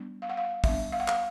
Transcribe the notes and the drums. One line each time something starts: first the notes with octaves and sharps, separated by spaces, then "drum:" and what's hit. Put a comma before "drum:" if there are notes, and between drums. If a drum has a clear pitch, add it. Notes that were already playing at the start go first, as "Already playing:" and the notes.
Already playing: G3 B3 D4
F5
F#5
F5
G3 B3 D4 E5, drum: kick, open hi-hat
F5
F#5
F5, drum: clap